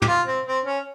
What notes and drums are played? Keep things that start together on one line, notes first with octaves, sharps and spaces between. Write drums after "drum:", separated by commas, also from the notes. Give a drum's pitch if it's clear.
G4, drum: tom
F4
C4
C4
C#4